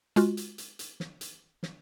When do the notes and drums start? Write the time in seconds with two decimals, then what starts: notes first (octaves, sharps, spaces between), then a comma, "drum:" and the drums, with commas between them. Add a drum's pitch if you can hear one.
0.16 G#3 F4 F#4, drum: hi-hat
0.37 drum: hi-hat
0.58 drum: hi-hat
0.79 drum: hi-hat
1.00 drum: snare
1.21 drum: hi-hat
1.63 drum: snare